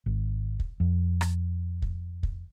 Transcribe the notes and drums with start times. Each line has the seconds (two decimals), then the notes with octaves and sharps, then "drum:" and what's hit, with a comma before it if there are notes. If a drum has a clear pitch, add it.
0.06 G#1
0.59 drum: kick
0.80 F2
1.21 drum: rim click
1.82 drum: kick
2.23 drum: kick